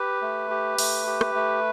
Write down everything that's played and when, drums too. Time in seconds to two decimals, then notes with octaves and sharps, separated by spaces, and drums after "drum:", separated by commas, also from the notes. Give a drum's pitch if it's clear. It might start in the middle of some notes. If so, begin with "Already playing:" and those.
Already playing: G4 B4
0.22 A3
0.50 G4
0.78 A3, drum: open hi-hat
1.06 G4
1.21 drum: rim click
1.35 A3